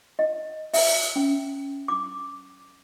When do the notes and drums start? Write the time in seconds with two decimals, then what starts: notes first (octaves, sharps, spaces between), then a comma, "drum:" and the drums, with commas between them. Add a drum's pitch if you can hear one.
0.19 D#5
0.74 E5, drum: open hi-hat
1.16 C#4
1.88 D6